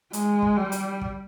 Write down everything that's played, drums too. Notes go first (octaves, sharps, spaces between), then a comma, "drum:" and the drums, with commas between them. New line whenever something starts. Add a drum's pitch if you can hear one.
G#3, drum: hi-hat
drum: kick
G3
drum: hi-hat
drum: kick